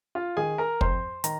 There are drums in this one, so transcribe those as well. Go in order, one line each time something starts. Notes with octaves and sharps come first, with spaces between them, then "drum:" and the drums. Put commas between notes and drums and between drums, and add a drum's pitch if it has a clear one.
F4 F5
D#3 G#4 G#5
A#4 A#5
F2 C5 C6, drum: kick
D#3 A#5, drum: hi-hat